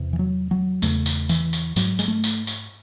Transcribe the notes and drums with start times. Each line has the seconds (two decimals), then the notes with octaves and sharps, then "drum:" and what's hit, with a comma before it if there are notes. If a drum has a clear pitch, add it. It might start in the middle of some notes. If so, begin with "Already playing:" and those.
Already playing: E2 C3
0.13 E3
0.19 F#3
0.51 F#3
0.82 E2 C#3 A3, drum: tambourine
1.06 drum: tambourine
1.29 E3, drum: tambourine
1.53 drum: tambourine
1.76 G#2 F#3, drum: tambourine
1.99 G#3, drum: tambourine
2.08 A3
2.24 drum: tambourine
2.47 drum: tambourine